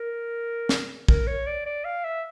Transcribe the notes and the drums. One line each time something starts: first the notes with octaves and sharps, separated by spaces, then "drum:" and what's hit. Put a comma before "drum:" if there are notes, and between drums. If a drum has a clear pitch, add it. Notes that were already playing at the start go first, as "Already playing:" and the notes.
Already playing: A#4
drum: snare
A#4, drum: kick
C#5
D5
D5
F5
E5